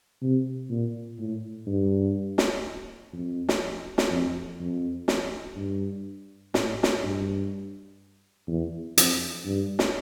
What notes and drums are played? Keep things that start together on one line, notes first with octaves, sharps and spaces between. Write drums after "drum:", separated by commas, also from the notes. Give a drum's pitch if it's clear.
C3
A#2
A2
G2
drum: snare
F2
drum: snare
drum: snare
F2
F2
drum: snare
G2
A2, drum: snare
drum: snare
G2
E2
F2, drum: hi-hat
G2
drum: snare